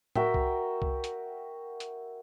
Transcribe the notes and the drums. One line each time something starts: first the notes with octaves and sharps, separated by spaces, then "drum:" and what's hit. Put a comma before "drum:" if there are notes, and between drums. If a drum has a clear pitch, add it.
F#4 A#4 E5 G5, drum: tom A2
drum: kick C2
drum: kick C2
drum: hi-hat
drum: hi-hat